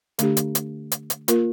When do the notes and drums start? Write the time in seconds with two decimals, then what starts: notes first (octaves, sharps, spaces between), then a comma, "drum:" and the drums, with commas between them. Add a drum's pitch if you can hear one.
0.19 D3 A3 D4 G4, drum: hi-hat
0.37 drum: hi-hat
0.55 drum: hi-hat
0.92 drum: hi-hat
1.10 drum: hi-hat
1.28 A#3 F4 A#4, drum: hi-hat